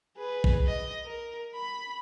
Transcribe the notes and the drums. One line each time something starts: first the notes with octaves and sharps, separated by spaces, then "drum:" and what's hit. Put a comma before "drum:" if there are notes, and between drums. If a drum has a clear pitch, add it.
G#4 B4
drum: kick
D#5
A#4
B5